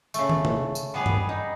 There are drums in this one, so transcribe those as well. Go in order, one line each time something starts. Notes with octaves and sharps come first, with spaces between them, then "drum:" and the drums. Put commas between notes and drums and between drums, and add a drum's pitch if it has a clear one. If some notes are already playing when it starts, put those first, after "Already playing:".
C#3 A3, drum: tambourine
drum: tom
drum: tom
drum: tambourine
G3 B3 G#4
drum: tom G2
D#4